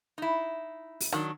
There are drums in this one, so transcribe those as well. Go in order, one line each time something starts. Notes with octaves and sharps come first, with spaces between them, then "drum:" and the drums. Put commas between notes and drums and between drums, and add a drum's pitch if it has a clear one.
D#4 E4
drum: open hi-hat
D#3 F#3 D4, drum: rim click